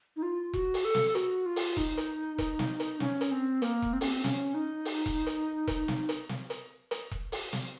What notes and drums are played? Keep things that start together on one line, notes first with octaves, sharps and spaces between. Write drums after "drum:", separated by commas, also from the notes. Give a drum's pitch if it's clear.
D#4
F4
F#4, drum: kick E1
drum: open hi-hat
A4
drum: snare
F#4, drum: hi-hat
F4
drum: open hi-hat
D#4, drum: kick E1
drum: hi-hat
drum: kick E1, hi-hat
drum: snare
drum: hi-hat
C#4, drum: snare
drum: hi-hat
C4
A#3, drum: hi-hat
drum: kick E1
C4
C#4, drum: open hi-hat
C4
C#4, drum: snare
D#4
drum: open hi-hat
drum: kick E1
drum: hi-hat
drum: kick E1, hi-hat
drum: snare
drum: hi-hat
drum: snare
drum: hi-hat
drum: hi-hat
drum: kick E1
drum: open hi-hat
drum: snare